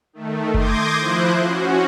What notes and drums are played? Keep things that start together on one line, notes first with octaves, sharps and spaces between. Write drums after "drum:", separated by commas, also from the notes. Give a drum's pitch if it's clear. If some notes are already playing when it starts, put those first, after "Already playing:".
D#3 A3
C6 D6 D#6 G6 G#6 A#6, drum: kick F#1
F3 E4 C5 F#6
C#4 F#4